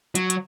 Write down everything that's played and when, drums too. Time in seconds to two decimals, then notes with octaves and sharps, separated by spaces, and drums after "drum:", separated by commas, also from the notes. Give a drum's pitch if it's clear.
0.15 F#3, drum: hi-hat
0.30 drum: hi-hat